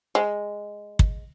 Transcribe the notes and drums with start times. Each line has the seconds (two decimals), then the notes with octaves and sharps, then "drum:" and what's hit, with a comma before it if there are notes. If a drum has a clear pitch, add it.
0.15 G#3
0.99 drum: kick